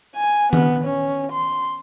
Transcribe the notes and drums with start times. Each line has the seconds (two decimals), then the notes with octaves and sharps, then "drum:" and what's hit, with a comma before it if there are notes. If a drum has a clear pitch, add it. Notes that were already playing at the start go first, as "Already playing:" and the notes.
0.16 G#5
0.53 B3, drum: tom D#3
0.85 C#4
1.32 C6